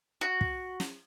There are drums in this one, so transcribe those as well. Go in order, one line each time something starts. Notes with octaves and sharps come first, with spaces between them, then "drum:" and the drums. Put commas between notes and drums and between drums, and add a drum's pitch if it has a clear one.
F#4
drum: kick
drum: snare